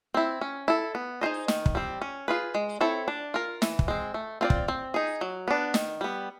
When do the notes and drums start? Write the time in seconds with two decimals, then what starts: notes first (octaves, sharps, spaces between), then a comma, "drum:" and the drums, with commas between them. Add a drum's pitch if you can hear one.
0.14 C4 E4
0.41 C#4
0.68 E4 A4
0.95 B3
1.21 D#4 G#4 C5 D#5
1.48 D#3, drum: snare
1.66 drum: kick
1.75 G3 C4
2.02 C#4
2.28 F4 G#4 B4
2.55 G#3
2.81 C4 E4 A4 C#5
3.08 D4
3.34 F4 A#4
3.62 E3, drum: snare
3.79 drum: kick
3.88 G#3 C4
4.14 A3
4.41 C4 F4 A#4 D5
4.50 drum: kick
4.68 C4
4.94 D#4 G#4
5.21 F#3
5.48 B3 D4
5.74 D#3, drum: snare
6.01 G3 B3